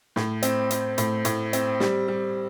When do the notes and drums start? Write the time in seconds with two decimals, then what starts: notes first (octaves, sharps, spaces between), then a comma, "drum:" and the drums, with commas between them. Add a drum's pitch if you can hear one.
0.16 A2, drum: snare
0.43 C4, drum: hi-hat
0.71 C4, drum: hi-hat
0.98 A2, drum: hi-hat
1.25 A2, drum: hi-hat
1.53 C4, drum: hi-hat
1.80 G3, drum: snare
2.08 G3